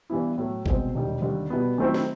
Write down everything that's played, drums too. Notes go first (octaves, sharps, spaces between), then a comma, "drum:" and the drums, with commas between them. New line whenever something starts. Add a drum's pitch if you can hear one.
G2 E3 G3 B3 E4
A2 F#3 A3
C2 B2 G#3 C4, drum: kick G#1
E1 D#2 D#3 G3
D#2 D3 G3
B2 G3 B3
D#3 F#3 A3 C4 E4
drum: snare